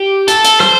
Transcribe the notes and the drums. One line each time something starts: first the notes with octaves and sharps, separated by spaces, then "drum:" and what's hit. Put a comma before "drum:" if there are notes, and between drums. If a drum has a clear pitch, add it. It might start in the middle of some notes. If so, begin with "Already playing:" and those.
Already playing: G4
A4, drum: hi-hat
drum: hi-hat
C5, drum: rim click